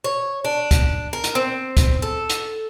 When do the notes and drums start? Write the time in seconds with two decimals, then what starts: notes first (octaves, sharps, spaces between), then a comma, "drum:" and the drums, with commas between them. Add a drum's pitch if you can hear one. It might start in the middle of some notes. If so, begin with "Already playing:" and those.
0.04 C#5
0.45 D4
0.71 drum: kick, hi-hat
1.13 A#4
1.24 drum: hi-hat
1.35 C4
1.77 drum: kick, hi-hat
2.02 A4
2.30 drum: hi-hat